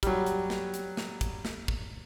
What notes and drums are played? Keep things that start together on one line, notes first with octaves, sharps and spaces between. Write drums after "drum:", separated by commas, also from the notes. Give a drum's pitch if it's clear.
F#3 G3, drum: kick, hi-hat
drum: hi-hat
drum: snare
drum: hi-hat
drum: snare
drum: kick, hi-hat
drum: snare
drum: kick